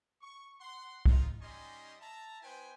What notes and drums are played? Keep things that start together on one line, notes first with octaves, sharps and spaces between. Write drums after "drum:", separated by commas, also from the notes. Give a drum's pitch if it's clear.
C#6
F#5 C6
D#4 F4, drum: kick
G3 C#4 D#4 D#5 G#5 C6
E5 A5 A#5
B3 E4 B4 C5 G5 G#5